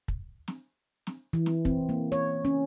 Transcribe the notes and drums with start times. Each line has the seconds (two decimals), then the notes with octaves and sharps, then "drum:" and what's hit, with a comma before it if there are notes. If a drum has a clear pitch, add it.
0.08 drum: kick
0.48 drum: snare
1.07 drum: snare
1.33 E3
1.46 drum: snare
1.65 C4, drum: kick
1.89 A#3
2.12 C#5
2.45 C#4